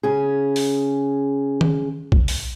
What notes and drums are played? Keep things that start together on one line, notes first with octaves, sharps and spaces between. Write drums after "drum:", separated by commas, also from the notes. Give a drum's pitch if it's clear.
C#3 C#4 G#4
drum: open hi-hat
drum: tom D#3
drum: kick A#1
drum: open hi-hat